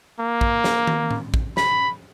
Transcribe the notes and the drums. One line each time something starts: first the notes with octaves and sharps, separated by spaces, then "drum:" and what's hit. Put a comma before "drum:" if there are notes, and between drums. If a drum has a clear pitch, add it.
A#3
drum: kick
drum: snare
drum: tom D#3
drum: tom A2
drum: kick
B5, drum: snare